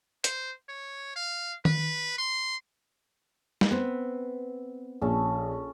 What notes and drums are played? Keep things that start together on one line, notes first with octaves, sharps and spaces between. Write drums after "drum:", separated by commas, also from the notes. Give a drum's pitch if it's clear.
C5, drum: hi-hat
C#5
F5
B4, drum: tom D#3
C6
drum: snare
B3 C4
A#1 C#4 A4 A5